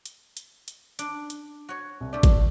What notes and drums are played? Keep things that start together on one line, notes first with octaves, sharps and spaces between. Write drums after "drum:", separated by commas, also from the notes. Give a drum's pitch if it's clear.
drum: hi-hat
drum: hi-hat
drum: hi-hat
D4, drum: hi-hat
drum: hi-hat
F#4 C#5
C2
A3 D4 G4
drum: kick, hi-hat